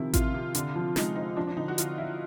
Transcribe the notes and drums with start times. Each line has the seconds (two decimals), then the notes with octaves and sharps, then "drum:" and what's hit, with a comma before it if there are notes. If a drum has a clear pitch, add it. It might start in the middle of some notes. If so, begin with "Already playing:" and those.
Already playing: C3 D#3 F3 E4
0.14 C3 F4, drum: kick A1, hi-hat
0.34 C3
0.55 D3, drum: hi-hat
0.76 F3
0.96 G#3 D#4, drum: snare
1.16 C4 D#4
1.37 F3 D4
1.47 D4
1.57 D3 D#4
1.68 F#4
1.78 D3 F4, drum: hi-hat
1.98 F3 E4